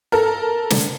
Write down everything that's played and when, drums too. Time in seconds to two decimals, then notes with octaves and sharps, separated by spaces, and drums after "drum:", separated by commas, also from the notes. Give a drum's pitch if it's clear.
0.12 A4 A#4
0.71 drum: snare